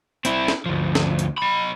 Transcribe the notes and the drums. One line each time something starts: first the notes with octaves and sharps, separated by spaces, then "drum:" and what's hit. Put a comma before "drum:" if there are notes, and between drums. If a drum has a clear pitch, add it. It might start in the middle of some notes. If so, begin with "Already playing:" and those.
C4 E4, drum: hi-hat
drum: snare
D2 F3
drum: snare
drum: hi-hat
F#3 B5